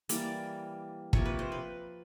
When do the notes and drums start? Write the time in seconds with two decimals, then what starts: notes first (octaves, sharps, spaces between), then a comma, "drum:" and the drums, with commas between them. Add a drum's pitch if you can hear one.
0.09 E3 G3 A#3 D5, drum: hi-hat
1.13 C3 F3 A#3 C#5, drum: kick
1.25 B4
1.39 C5
1.52 B4